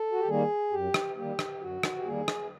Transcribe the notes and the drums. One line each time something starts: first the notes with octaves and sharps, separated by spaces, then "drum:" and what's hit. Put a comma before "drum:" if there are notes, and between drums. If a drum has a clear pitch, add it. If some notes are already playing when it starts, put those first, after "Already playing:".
Already playing: A4
F#4
G4
D#3 G3 A#3 G#4
F#2 G4
drum: rim click
D#3 G3 A#3 G4
drum: rim click
F#2 F#4
drum: rim click
G4
D#3 G3 A#3 G#4
drum: rim click